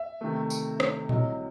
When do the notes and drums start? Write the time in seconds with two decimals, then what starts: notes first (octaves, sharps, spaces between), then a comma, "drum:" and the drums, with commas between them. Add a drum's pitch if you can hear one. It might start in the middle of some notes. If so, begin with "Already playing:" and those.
Already playing: E5
0.21 C3 D#3 A3
0.50 drum: tambourine
0.80 drum: rim click
1.09 C2 C3 F#3 D#5, drum: tom A#2